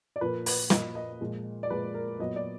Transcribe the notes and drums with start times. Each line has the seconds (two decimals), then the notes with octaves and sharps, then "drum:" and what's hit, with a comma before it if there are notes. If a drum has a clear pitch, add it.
0.16 D5
0.21 A#2 F3 A#3 B4
0.46 B4, drum: open hi-hat
0.70 A#2 F3 A#3 D#5, drum: snare
0.95 D#5
1.21 A#2 F3 G#3
1.63 D5
1.70 A#2 F3 G#3 B4
1.94 A#4
2.19 A#2 F#3 B3 D#5
2.36 D5